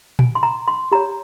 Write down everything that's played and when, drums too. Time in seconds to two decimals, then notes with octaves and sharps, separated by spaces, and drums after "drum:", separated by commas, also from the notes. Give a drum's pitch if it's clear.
0.19 G#5, drum: tom A#2
0.35 C6
0.43 A#5
0.68 C6
0.92 G4 C#5 A#5